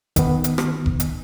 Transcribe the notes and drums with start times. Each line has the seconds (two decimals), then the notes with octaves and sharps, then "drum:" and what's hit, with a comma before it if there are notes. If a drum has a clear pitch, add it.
0.16 D#3 B3, drum: kick F1, hi-hat
0.44 drum: hi-hat
0.58 drum: rim click
0.86 drum: kick F1
1.00 drum: hi-hat